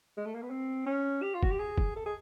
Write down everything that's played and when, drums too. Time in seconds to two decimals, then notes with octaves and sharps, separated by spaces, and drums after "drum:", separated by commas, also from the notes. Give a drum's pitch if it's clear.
0.17 G#3
0.26 A3
0.34 A#3
0.42 B3
0.50 C4
0.86 C#4
1.22 G4
1.34 F4
1.43 F#4, drum: kick
1.51 G4
1.59 G#4
1.78 drum: kick
1.96 A4
2.06 G#4